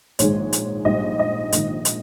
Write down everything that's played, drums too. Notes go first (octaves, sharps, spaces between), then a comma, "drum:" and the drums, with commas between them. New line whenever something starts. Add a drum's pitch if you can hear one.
A#1 G#2 D#3 G#3 C#5, drum: hi-hat
drum: hi-hat
A#1 G#2 G3 D#5
D#5
A#1 G#2 D#3, drum: hi-hat
drum: hi-hat